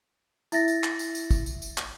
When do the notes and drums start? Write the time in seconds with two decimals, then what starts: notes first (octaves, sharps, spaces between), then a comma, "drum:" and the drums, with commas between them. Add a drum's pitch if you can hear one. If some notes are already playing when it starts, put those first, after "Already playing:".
0.52 E4 E5 A6 A#6, drum: tambourine
0.68 drum: tambourine
0.83 drum: clap
0.99 drum: tambourine
1.15 drum: tambourine
1.31 drum: kick, tambourine
1.46 drum: tambourine
1.62 drum: tambourine
1.78 drum: clap